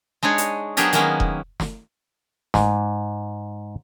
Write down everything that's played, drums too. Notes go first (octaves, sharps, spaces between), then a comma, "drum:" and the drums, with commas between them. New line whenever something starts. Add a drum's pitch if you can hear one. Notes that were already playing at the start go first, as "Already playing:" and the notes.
G#3 D4 D#4 C#5
drum: hi-hat
F#3 B3 D4 G4 G#4 A#4, drum: hi-hat
D#3 F#3 G#3 A#3 B3 C#4, drum: hi-hat
drum: kick E1
drum: snare
G#2, drum: snare